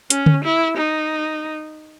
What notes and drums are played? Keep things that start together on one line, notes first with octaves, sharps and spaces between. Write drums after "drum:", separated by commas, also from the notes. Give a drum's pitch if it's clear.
C#4, drum: hi-hat
drum: tom D3
E4
D#4